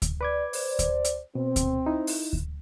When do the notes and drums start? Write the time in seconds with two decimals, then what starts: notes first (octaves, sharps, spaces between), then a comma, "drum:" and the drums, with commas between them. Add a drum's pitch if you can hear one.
0.02 drum: kick D2, hi-hat
0.21 B4 D5 D6 G#6
0.53 C5 D5, drum: open hi-hat
0.79 drum: kick D2, hi-hat
1.04 drum: hi-hat
1.35 B2 C4
1.56 drum: kick D2, hi-hat
1.86 D#4 E4
2.07 drum: open hi-hat
2.33 drum: kick D2